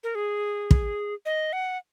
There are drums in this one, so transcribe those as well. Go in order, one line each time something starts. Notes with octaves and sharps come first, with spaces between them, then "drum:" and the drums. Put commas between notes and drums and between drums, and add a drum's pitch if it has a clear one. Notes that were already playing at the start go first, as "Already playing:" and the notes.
A#4
G#4
drum: kick
D#5
F#5